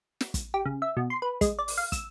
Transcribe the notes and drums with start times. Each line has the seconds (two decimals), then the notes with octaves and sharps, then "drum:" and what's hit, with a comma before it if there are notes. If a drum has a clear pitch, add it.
0.21 drum: snare
0.34 drum: kick, hi-hat
0.54 G4
0.66 C#3
0.82 E5
0.97 B2
1.10 C6
1.22 B4
1.41 G#3, drum: kick, hi-hat
1.59 D5
1.68 drum: open hi-hat
1.78 F5
1.92 E6, drum: kick, hi-hat